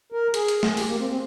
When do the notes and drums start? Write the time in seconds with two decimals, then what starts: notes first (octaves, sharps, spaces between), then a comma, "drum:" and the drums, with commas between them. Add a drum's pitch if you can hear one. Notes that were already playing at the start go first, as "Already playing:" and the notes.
0.12 A#4
0.34 G#4, drum: hi-hat
0.48 drum: hi-hat
0.63 drum: snare
0.77 G4, drum: open hi-hat
0.88 A#3
0.99 C4
1.10 C4